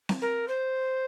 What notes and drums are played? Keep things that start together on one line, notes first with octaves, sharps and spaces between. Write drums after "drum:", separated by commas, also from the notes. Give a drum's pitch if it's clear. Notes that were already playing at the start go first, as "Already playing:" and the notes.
drum: snare C4
A#4
C5